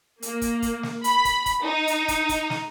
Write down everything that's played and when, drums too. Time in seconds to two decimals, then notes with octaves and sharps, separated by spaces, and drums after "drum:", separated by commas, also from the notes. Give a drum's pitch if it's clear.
0.22 A#3, drum: hi-hat
0.42 drum: kick, hi-hat
0.62 drum: kick, hi-hat
0.83 drum: snare
1.04 B5, drum: hi-hat
1.25 drum: kick, hi-hat
1.46 drum: kick, hi-hat
1.62 D#4
1.87 drum: hi-hat
2.08 drum: kick, hi-hat
2.29 drum: kick, hi-hat
2.50 drum: snare